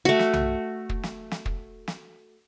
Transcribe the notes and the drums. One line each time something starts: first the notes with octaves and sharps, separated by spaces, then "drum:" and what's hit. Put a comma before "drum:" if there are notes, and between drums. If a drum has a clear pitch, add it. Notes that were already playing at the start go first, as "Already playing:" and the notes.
A3 F#4
drum: snare
drum: tom B1
drum: kick
drum: snare
drum: snare
drum: kick
drum: snare